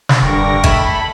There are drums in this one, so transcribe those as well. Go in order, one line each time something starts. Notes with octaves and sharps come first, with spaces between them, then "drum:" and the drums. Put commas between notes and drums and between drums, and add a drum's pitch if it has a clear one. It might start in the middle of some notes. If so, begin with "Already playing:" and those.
drum: snare
F1 G2 D3 A#4 G5 C#6 A#6
A3 E4 B5, drum: kick G#1